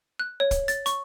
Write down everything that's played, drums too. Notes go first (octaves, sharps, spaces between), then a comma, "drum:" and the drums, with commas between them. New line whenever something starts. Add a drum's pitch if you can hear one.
F#6
C#5
drum: kick, hi-hat
A6, drum: hi-hat
C#6, drum: hi-hat